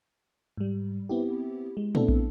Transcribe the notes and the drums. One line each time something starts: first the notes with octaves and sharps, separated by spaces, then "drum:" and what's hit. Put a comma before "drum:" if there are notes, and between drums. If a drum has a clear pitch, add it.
G#2 G3
B3 C4 E4 G4
G#3
A3 B3 C4 D4 E4 A4, drum: tom
drum: kick